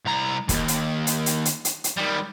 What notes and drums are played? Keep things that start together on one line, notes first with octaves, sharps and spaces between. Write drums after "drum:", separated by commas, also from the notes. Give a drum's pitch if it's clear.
C2 A#5
D#2 G#2, drum: kick, hi-hat
drum: hi-hat
drum: hi-hat
drum: hi-hat
drum: hi-hat
drum: hi-hat
drum: hi-hat
D#3 G3